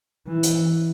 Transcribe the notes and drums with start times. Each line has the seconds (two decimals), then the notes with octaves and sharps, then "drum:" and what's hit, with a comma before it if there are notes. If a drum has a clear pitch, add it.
0.27 E3
0.43 drum: hi-hat